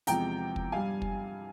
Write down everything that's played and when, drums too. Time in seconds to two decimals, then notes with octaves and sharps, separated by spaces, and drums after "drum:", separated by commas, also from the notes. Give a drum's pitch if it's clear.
0.07 E2 C3 F3 G#3 G5 A#5, drum: hi-hat
0.56 drum: kick
0.72 G2 G3 F5 G#5
1.02 drum: kick